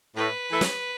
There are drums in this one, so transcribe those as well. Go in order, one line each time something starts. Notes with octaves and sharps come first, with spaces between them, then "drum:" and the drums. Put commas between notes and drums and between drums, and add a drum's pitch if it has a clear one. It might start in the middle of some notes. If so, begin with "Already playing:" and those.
A2 B4
E3 A3 E4 A4
drum: snare